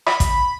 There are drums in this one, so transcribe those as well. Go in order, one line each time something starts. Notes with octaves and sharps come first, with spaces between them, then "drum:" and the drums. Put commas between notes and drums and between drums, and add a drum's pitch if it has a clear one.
B5, drum: rim click
drum: kick A1, hi-hat